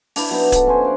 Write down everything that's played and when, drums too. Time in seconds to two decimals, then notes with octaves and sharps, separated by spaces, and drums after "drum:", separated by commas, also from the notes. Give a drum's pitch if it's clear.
0.16 D4 E4 D5 F5, drum: open hi-hat
0.30 F#3 B3 D#4
0.52 A4 E5, drum: kick D1, hi-hat
0.67 C#4 D4 C5 G#5
0.82 D5 F5 F#5